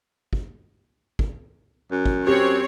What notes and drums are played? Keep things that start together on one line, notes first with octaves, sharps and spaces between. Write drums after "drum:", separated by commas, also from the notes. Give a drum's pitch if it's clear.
drum: kick
drum: kick
F#2
drum: kick
C4 G4 C#5